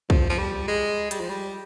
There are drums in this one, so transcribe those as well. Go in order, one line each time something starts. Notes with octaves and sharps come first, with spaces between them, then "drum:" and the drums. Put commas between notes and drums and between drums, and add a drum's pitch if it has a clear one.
F3, drum: kick
F3
G3
G#3
G3, drum: hi-hat
F3
G3